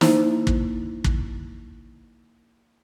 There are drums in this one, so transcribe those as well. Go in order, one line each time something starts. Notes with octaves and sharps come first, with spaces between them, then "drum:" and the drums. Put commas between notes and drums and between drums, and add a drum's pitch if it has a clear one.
A#3 D#4 E4 C5, drum: snare
drum: kick
drum: kick